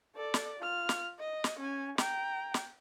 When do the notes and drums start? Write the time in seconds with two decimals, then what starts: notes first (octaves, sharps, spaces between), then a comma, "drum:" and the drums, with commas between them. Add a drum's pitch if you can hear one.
0.15 A4 D5
0.34 drum: snare
0.59 F4 F6
0.89 drum: snare
1.19 D#5
1.44 drum: snare
1.59 C#4 G#5
1.98 G5 A#5, drum: snare
2.54 drum: snare